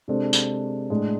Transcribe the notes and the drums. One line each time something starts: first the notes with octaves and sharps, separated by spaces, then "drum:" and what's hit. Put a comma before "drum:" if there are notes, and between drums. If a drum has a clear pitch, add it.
C3 G#3 D4 A4 C5
drum: tambourine
A2 G#3 D4 A4